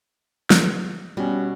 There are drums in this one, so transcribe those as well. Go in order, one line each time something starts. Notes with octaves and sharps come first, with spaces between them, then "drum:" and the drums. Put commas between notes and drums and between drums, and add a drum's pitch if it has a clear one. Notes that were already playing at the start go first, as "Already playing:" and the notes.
drum: snare
B2 G3 C#4